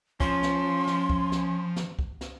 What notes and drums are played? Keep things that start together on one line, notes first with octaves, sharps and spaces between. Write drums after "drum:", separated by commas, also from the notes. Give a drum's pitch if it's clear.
F3 C#4 C6, drum: kick C2
drum: snare
drum: snare
drum: kick C2
drum: snare
drum: snare
drum: kick C2
drum: snare